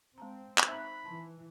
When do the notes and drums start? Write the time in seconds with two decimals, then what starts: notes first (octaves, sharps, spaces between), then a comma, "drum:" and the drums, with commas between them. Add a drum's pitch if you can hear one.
0.18 G#3 C4 A5 A#5
0.58 drum: clap
0.68 D#4 C5 E5 A#5 B5 F#6
1.05 E3 A5 C6